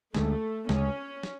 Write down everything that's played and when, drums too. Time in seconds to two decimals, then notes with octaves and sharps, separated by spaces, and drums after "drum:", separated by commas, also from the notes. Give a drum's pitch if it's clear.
0.15 D2 D3 G#3 A3, drum: snare
0.69 D2 C#3 G#3 C#4, drum: snare
1.23 drum: snare